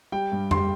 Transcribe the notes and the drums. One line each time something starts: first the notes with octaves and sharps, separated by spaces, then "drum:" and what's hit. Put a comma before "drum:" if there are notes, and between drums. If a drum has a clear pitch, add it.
G3 G5
G2
G3 C6, drum: tom F2